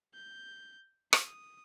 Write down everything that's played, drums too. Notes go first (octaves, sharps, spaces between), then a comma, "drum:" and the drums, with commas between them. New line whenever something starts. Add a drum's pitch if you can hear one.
G6
D#6, drum: rim click